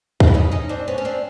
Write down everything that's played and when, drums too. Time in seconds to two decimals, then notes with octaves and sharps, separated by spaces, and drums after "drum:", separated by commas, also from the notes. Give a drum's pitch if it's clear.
0.20 F4, drum: kick
0.28 E4
0.34 C#4 D#4
0.52 C#4 D#4
0.69 C4 D4
0.88 B3 C#4
0.98 C#4
1.05 C4 D4